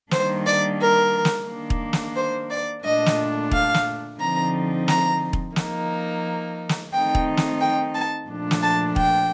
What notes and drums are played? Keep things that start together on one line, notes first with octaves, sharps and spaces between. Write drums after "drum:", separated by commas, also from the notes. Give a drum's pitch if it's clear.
D#3 G3 A#3 D4 C5, drum: snare
D5
A#4
drum: snare
D#3 A#3 D4
drum: kick E1
drum: snare
C5
D5
A#2 A3 D4 D#5
drum: snare
F5, drum: kick E1
drum: snare
D3 F3 C4 D#4 A#5
A#5, drum: snare
drum: kick E1
F3 A#3 D#4, drum: snare
drum: snare
D#3 A3 C4 D#4 G5
drum: kick E1
drum: snare
G5
A5
A#2 F3 A3 D4
drum: snare
A5
G5, drum: kick E1